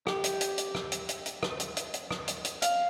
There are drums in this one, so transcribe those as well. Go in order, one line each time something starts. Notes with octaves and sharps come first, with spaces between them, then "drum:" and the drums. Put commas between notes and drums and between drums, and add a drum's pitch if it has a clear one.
G4, drum: rim click
drum: hi-hat
drum: hi-hat
drum: hi-hat
drum: rim click
drum: hi-hat
drum: hi-hat
drum: hi-hat
drum: rim click
drum: hi-hat
drum: hi-hat
drum: hi-hat
drum: rim click
drum: hi-hat
drum: hi-hat
F5, drum: hi-hat